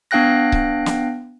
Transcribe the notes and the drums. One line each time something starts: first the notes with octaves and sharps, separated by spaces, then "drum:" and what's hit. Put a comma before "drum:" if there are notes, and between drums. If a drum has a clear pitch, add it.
B3 D4 F5 G5 F#6 A#6
drum: kick C#1
drum: snare